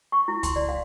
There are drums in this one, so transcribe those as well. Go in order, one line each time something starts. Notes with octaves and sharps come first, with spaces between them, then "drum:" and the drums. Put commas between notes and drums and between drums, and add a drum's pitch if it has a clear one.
C#6
E4
C6, drum: kick C#2, hi-hat
D5
F5